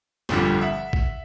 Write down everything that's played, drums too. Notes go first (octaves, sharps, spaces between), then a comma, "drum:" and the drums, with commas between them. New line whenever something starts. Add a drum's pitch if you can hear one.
G1 F2 A#2 D3 G3, drum: snare
E5 F#5
drum: kick